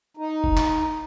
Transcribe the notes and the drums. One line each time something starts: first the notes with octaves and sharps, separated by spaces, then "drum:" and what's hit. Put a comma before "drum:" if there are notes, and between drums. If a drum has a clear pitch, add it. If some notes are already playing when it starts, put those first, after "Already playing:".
D#4
drum: kick F#1
drum: clap